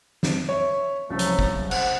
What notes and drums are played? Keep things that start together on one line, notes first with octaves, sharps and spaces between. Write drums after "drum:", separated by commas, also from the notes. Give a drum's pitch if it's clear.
drum: snare
C#5 E5
C2 C#3 F3 F#3 A3
drum: hi-hat
drum: kick
C5 F#5, drum: cymbal